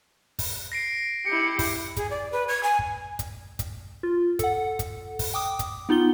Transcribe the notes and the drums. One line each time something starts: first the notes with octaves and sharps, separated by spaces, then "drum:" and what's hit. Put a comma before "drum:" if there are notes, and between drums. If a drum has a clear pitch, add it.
drum: kick, open hi-hat
A#6 C7 D7
E4 G4 C#7
drum: kick, open hi-hat
G#4, drum: kick, hi-hat
D5
B4
G#6
G#5
drum: kick
drum: kick, hi-hat
drum: kick, hi-hat
F4
A4 F#5, drum: kick, hi-hat
drum: kick, hi-hat
drum: kick, open hi-hat
G5 D6 D#6
drum: kick, hi-hat
B3 D#4 F4 G7